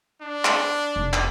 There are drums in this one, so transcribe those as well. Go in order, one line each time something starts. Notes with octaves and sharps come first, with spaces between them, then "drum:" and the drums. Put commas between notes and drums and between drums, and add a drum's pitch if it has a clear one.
D4
drum: clap
F1
drum: clap